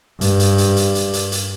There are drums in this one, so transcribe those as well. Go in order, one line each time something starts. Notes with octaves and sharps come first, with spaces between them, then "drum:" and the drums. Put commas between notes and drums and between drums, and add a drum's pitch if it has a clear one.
G2, drum: hi-hat
drum: hi-hat
drum: hi-hat
drum: hi-hat
drum: hi-hat
drum: hi-hat
drum: hi-hat